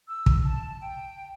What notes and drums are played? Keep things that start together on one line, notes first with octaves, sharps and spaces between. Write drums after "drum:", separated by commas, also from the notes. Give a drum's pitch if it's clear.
E6
drum: kick
A5
G5